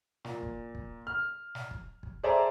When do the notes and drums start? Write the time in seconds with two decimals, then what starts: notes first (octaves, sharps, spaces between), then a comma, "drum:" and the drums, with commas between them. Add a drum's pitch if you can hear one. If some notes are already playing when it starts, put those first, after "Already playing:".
0.25 A#2, drum: snare
0.43 drum: kick
0.75 drum: kick
1.07 F6
1.55 drum: snare
1.71 drum: kick
2.03 drum: kick
2.24 G#4 A4 C5 D5 E5 A#5